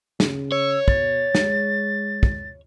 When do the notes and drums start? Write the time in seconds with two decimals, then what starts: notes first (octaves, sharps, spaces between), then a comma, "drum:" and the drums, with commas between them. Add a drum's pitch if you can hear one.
0.20 C#3, drum: snare
0.52 C#5 E6
0.88 B2 A6, drum: kick
1.35 G#3, drum: snare
2.23 drum: kick